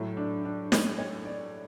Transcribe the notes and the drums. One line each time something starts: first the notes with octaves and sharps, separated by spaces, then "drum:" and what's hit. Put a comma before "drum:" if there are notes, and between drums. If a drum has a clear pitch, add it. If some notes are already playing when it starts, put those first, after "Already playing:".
Already playing: A2 F#3 A3
D4
D4
C#5, drum: snare
C#5
D5